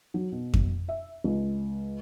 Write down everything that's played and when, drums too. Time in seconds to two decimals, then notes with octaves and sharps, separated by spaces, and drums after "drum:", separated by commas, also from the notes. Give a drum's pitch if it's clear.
0.14 F#3
0.32 B2
0.54 drum: kick F2
0.88 E5
1.24 C#2